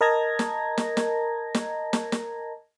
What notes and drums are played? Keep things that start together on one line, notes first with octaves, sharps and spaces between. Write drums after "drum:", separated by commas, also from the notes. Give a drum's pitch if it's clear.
A#4 D#5 A5 A#5 G#6 A#6
drum: snare
drum: snare
drum: snare
drum: snare
drum: snare
drum: snare